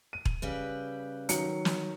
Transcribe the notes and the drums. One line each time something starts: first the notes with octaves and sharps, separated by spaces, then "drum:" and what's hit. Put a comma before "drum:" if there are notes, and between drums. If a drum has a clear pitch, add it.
D#7
drum: kick E1
C#3 G3 B4
D#3 F#3 C#7, drum: hi-hat
drum: snare